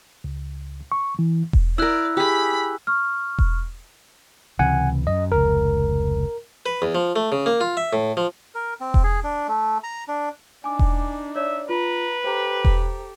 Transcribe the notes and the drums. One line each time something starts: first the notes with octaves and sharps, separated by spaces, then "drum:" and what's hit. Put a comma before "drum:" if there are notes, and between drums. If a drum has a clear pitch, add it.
C#2
C#6
E3
drum: kick E1
E4 A#4 D5 E6 F#6
G4 G#4 B5 B6
C#6 F6
drum: kick E1
C#2 C3 E3 F#5 G#5
F#2 D#5
F1 C#2 A#4
B4
E2
F3
A3
C#3
A#3
F4
E5
A2
F3
A#4
C4
drum: kick E1
G#4
D4
A3
A#5
D4
D4 D#4 G#5 D6
drum: kick E1
C#5 D5 E5
F4 B4 A#5
G4 A4 C5 A#5
drum: kick E1